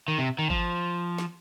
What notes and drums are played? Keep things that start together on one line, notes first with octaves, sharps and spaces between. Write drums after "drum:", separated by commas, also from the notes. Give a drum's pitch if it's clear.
D#3
C3
D#3
F3, drum: kick G#1
drum: snare